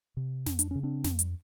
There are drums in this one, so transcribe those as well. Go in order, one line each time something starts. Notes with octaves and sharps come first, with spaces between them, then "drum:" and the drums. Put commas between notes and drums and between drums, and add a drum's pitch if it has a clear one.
C3
F2, drum: snare
D4, drum: hi-hat
C#3 C#4
C4 D4
F2, drum: snare
drum: hi-hat